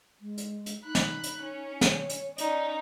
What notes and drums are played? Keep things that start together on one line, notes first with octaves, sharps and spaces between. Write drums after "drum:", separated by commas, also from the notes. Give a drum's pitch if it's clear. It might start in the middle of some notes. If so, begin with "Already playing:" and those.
G#3
drum: hi-hat
drum: hi-hat
D#4 B5 F#6
drum: snare
drum: hi-hat
C#4
C#5, drum: snare
drum: hi-hat
C#4 D#4 D5, drum: hi-hat